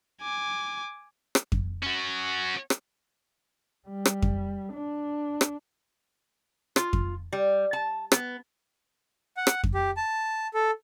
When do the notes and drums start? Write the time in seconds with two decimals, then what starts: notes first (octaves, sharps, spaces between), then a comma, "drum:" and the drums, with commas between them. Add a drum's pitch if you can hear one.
0.22 G#5 D6
1.35 drum: rim click
1.52 drum: kick F2
1.83 C#4 F#4
2.70 drum: rim click
3.89 G3
4.05 drum: rim click
4.22 drum: kick F2
4.72 D4
5.41 drum: rim click
6.76 F4, drum: rim click
6.93 drum: kick F2
7.33 G3
7.73 A5
8.12 B3, drum: rim click
9.37 F#5
9.47 drum: rim click
9.64 drum: kick F2
9.74 G4
9.97 A5
10.54 A4